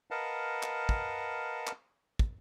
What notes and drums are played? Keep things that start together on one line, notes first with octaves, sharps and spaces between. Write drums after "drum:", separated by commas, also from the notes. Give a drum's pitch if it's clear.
A#4 B4 D#5 F5 F#5 A5
drum: clap
drum: kick
drum: clap
drum: kick